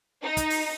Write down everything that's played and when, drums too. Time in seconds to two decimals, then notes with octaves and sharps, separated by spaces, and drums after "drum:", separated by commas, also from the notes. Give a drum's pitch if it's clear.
0.24 D#4
0.37 drum: kick, hi-hat
0.50 drum: open hi-hat